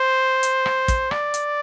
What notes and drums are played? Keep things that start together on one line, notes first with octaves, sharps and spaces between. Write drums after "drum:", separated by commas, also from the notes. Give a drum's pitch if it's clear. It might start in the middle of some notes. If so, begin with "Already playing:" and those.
Already playing: C5
drum: hi-hat
drum: rim click
drum: kick, hi-hat
D5, drum: rim click
drum: hi-hat